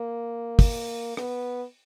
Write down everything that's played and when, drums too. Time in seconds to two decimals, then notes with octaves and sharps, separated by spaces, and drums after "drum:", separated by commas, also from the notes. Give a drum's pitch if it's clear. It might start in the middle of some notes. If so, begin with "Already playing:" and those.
Already playing: A#3
0.59 drum: kick, open hi-hat
1.17 B3, drum: rim click